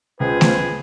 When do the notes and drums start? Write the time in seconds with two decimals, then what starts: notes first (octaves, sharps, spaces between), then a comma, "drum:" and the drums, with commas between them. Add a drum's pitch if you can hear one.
0.20 C#2 F4 G#4 B4 C5
0.41 drum: snare A3